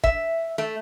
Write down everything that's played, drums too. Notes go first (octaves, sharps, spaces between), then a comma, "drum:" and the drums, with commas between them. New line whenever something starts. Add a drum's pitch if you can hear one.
E5, drum: kick F#1
A3